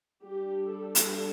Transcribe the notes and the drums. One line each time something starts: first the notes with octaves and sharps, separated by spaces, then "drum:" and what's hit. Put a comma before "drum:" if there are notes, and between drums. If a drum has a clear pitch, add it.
G3 D4 G4
A4
drum: hi-hat